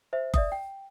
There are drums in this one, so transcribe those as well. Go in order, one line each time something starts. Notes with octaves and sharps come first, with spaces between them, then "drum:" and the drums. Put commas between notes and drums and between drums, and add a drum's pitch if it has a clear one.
C5 E5
D5 E5 D#6, drum: kick F#1
G5